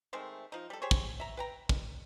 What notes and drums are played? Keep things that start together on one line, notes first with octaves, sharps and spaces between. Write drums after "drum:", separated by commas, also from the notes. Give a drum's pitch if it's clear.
D#3 G#3 A3 C4
F3 D#4
G3 A4
G4 G#4 C5 C#5
drum: kick
E5 A#5
B4 G5 A#5
drum: kick